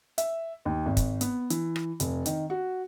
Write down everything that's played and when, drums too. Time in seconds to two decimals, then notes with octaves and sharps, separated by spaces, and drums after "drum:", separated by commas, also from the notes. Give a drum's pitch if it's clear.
0.18 E5, drum: hi-hat
0.65 D#2
0.86 G#1
0.97 drum: kick, hi-hat
1.21 B3, drum: hi-hat
1.50 E3, drum: hi-hat
1.76 drum: rim click
2.00 F1, drum: hi-hat
2.26 D#3, drum: hi-hat
2.50 F#4